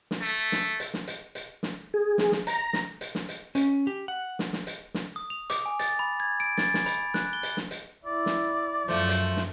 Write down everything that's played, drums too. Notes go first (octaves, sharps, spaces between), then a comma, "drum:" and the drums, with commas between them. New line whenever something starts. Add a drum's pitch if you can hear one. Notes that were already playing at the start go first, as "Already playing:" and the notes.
drum: snare
A3
drum: snare
drum: hi-hat
drum: snare
drum: hi-hat
drum: hi-hat
drum: snare
G#4
drum: snare
drum: snare
A#5, drum: hi-hat
drum: snare
drum: hi-hat
drum: snare
drum: hi-hat
C#4, drum: hi-hat
G4
F#5
drum: snare
drum: snare
drum: hi-hat
drum: snare
D#6
F7
D6, drum: hi-hat
G#5
A6, drum: hi-hat
B5
G#6
D7
A6, drum: snare
drum: snare
B5, drum: hi-hat
F#6, drum: snare
G7
drum: hi-hat
drum: snare
drum: hi-hat
E4 D5
drum: snare
F#2 F3 A3
drum: hi-hat
drum: snare